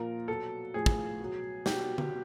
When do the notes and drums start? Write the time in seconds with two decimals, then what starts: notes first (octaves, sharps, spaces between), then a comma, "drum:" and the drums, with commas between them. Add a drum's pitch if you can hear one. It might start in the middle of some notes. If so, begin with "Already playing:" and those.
Already playing: A#2 F3 A#4
0.28 B2 F#3 A4
0.74 A2 F3 G#4
0.86 drum: kick
1.20 B2 F#3
1.66 B2 F#3 G4, drum: snare
1.98 drum: tom D3